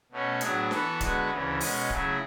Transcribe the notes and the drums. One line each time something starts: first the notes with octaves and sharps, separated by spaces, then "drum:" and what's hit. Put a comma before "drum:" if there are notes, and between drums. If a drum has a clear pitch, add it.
B2 A3 C#4
A2 F#3 B3 D4 G#4, drum: hi-hat
E3 B3 F#4 A4, drum: snare
D3 G#3 B3 F#4 B4, drum: kick C#1, hi-hat
D2 C#3 E3
B2 G#3 C#4, drum: open hi-hat
C#3 F#3 A3 E4 G#4, drum: kick C#1